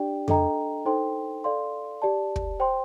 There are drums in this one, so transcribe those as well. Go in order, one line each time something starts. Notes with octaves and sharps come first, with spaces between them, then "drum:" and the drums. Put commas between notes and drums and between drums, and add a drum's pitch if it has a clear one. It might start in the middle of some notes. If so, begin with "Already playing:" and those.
Already playing: D4 G4 D5 G5
D4 A4 D#5 G5 A#5, drum: tom F2
D#4 A4 C5 G5 C6
A4 D5 F5 C6
G4 D5 A5
drum: kick
C5 G5 C6